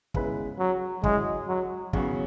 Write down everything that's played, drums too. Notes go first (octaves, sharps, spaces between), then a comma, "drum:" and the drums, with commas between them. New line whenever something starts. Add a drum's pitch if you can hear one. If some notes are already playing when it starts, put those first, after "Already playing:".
C#3 G#3 B3 E4 B4, drum: kick
F#3
F#3 G#3 C#4 E4 G#4 D#5, drum: kick
F#3
E2 C#3 F#3 B3 F#4, drum: kick